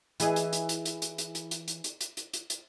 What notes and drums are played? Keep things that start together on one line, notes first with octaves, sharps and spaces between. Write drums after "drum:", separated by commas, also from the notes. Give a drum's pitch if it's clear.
E3 G#4 D#5, drum: hi-hat
drum: hi-hat
drum: hi-hat
drum: hi-hat
drum: hi-hat
drum: hi-hat
drum: hi-hat
drum: hi-hat
drum: hi-hat
drum: hi-hat
drum: hi-hat
drum: hi-hat
drum: hi-hat
drum: hi-hat
drum: hi-hat